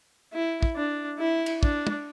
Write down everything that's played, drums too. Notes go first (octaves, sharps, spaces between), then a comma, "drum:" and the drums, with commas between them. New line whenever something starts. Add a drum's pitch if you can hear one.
E4
drum: kick
D4
E4
drum: cymbal
D4, drum: kick
drum: tom